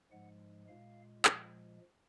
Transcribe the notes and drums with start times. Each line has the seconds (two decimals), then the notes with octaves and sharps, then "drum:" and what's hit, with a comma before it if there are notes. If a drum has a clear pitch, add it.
0.11 G#2 F3 G#3 F#5
0.68 A#2 G#3 F5
1.25 A#2 F3 G#3, drum: clap